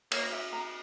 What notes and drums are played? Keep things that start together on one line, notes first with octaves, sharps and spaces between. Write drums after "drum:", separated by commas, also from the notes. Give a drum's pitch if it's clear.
A#3 C#5, drum: cymbal
E5
A#5